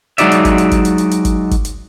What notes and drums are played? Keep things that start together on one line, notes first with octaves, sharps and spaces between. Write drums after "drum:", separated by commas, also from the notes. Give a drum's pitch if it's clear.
F#3 G#3 D#4 F#4 D5 E5, drum: hi-hat
drum: hi-hat
drum: kick G1, hi-hat
drum: hi-hat
drum: kick G1, hi-hat
drum: hi-hat
drum: hi-hat
drum: hi-hat
drum: kick G1, hi-hat
drum: kick G1, hi-hat
drum: hi-hat